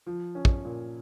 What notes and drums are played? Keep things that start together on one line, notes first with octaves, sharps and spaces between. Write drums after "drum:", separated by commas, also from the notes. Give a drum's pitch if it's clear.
F3
C#4
drum: kick
A#2